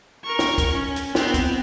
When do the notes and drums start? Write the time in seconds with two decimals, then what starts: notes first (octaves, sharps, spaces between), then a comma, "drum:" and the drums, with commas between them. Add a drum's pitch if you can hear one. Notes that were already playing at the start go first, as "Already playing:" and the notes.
0.24 A#4 C#6
0.39 drum: snare
0.58 drum: kick, hi-hat
0.72 C#4
0.96 drum: hi-hat
1.15 B3 C4, drum: snare
1.34 drum: kick, hi-hat